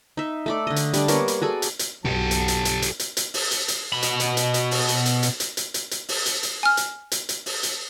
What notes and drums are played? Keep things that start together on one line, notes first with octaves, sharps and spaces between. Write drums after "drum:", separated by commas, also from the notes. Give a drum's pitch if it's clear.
D#4 E5
A3 A4 D5
D3 D#5
drum: hi-hat
G3 D4 D5, drum: hi-hat
A#3 B3 A#4 C#5, drum: hi-hat
drum: hi-hat
F#4 G#4 A4 D5
drum: hi-hat
drum: hi-hat
B1 B2 F#3 G4 A4 A5
drum: hi-hat
drum: hi-hat
drum: hi-hat
drum: hi-hat
drum: hi-hat
drum: hi-hat
drum: open hi-hat
drum: hi-hat
drum: hi-hat
B2 B5
drum: hi-hat
drum: hi-hat
drum: hi-hat
drum: hi-hat
drum: open hi-hat
drum: hi-hat
drum: hi-hat
drum: hi-hat
drum: hi-hat
drum: hi-hat
drum: hi-hat
drum: hi-hat
drum: open hi-hat
drum: hi-hat
drum: hi-hat
G#5 F6
drum: hi-hat
drum: hi-hat
drum: hi-hat
drum: open hi-hat
drum: hi-hat